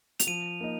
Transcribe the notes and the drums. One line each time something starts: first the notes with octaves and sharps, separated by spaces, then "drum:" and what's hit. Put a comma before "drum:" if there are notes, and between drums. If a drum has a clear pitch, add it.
F7, drum: hi-hat
F3 D#7
A#3 D#4